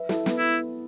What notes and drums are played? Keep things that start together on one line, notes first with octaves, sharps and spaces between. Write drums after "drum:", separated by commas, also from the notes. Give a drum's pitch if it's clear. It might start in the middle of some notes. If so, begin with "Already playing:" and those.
Already playing: B4 E5
E4 A4, drum: snare
B3, drum: snare
E4